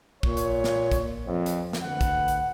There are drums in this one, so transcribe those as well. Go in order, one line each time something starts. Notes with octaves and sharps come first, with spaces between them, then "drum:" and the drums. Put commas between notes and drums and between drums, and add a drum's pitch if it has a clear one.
A#2 C#5, drum: kick
drum: hi-hat
drum: snare
drum: kick, hi-hat
F2
drum: hi-hat
drum: snare
D2 B4 F#5
drum: kick, hi-hat
drum: hi-hat